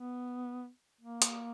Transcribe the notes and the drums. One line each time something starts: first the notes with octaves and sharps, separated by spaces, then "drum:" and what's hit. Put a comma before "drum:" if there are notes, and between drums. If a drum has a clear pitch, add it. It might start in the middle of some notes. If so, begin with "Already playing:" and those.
Already playing: B3
A#3
drum: hi-hat